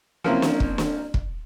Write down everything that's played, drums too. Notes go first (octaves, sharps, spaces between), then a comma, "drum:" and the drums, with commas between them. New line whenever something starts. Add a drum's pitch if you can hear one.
F3 F#3 A#3 C4 C#4 E4
drum: snare
drum: kick
drum: snare
drum: kick